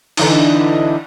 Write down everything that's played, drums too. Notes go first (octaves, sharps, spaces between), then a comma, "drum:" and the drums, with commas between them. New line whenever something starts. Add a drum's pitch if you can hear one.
D3 E3 D#4, drum: cymbal